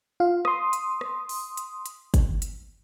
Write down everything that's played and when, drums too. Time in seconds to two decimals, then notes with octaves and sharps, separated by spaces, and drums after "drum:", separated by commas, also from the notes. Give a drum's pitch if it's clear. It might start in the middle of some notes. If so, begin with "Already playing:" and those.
0.20 F4 F5
0.45 C6 D#6, drum: rim click
0.73 drum: hi-hat
1.01 drum: rim click
1.29 drum: open hi-hat
1.57 drum: hi-hat
1.86 drum: hi-hat
2.14 drum: kick, hi-hat
2.42 drum: hi-hat